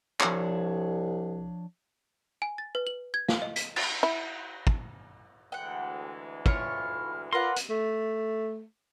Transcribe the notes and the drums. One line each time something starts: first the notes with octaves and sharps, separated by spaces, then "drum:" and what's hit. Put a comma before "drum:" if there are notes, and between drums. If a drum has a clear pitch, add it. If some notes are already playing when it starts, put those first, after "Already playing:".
C2 F3 D4 C#5, drum: clap
G#5
A6
B4
F#7
G#6
F5, drum: snare
D#5
B6, drum: hi-hat
A6, drum: cymbal
E4
drum: kick
D2 E3 G#3 F#5 G5
E4 F4 C#5 F6, drum: kick
F4 A#4 B4 D5 F5 F#5 C6 A#6
drum: hi-hat
A3